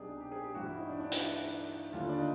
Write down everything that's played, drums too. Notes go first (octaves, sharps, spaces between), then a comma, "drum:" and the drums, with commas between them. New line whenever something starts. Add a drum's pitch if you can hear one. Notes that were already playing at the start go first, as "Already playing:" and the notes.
Already playing: C2 B2 F#3 D4 D#4 G4 G#4
G4
G#4
G4
G2 E3 G3 F#4
E4
D#4
D4
D4
E4, drum: hi-hat
D#2 D3 G3 F4
D4
D#4